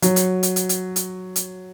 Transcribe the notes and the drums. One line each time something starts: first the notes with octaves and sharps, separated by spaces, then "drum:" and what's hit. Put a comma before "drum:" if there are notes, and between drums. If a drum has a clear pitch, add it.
F#3, drum: hi-hat
drum: hi-hat
drum: hi-hat
drum: hi-hat
drum: hi-hat
drum: hi-hat
drum: hi-hat